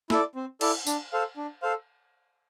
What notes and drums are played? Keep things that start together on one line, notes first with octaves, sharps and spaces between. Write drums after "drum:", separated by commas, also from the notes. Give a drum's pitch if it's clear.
E4 A4 D5, drum: snare
C4
E4 A4 D5, drum: cymbal
D4, drum: tambourine
A4 C5 F5
D4
A4 C5 F5